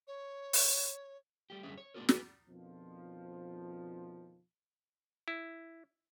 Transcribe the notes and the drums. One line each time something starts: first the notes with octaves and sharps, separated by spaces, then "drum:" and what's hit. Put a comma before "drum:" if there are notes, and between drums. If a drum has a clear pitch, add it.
C#5
drum: open hi-hat
G3 A3 G4
F#2 D3 G3 C#4 G#4 E5
C#5
A3 B3 D4 F4 F#4 A#4
B4 G#5, drum: snare
F2 B2 D3 D#3 F3
E4